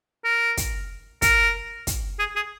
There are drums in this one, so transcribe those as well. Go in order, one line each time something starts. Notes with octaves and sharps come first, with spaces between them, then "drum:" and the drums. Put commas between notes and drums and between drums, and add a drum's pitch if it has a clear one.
A#4
drum: kick, hi-hat
A#4, drum: kick, hi-hat
drum: kick, hi-hat
G#4
G#4